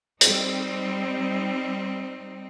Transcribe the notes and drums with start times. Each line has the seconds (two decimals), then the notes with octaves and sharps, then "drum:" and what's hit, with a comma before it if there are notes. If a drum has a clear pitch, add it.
0.21 G3 C4 D#4, drum: hi-hat